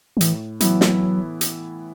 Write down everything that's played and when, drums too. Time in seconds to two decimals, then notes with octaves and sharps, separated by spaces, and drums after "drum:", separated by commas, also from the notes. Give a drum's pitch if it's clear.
0.17 F#3
0.21 A2 E3, drum: hi-hat
0.60 E3 F#3 B3 E4, drum: hi-hat
0.81 drum: snare
1.41 drum: hi-hat